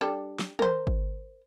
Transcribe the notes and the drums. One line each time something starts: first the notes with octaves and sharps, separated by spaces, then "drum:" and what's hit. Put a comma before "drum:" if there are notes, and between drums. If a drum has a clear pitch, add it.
G3 D4 A4
drum: snare
A#4 C5, drum: tom
drum: kick G#1